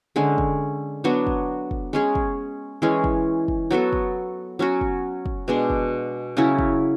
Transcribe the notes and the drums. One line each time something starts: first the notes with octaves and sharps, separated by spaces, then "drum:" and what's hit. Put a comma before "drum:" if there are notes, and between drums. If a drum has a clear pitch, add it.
D3 G#3 C#4
drum: kick
F#3 B3 D4 F#4
drum: kick
drum: kick
G#3 C#4 G#4
drum: kick
E3 G#3 C#4
drum: kick
drum: kick
F#3 B3 F#4 A4
drum: kick
F#3 C#4 F#4
drum: kick
drum: kick
B2 G#3 D4
drum: kick
C#3 F#3 C#4 E4
drum: kick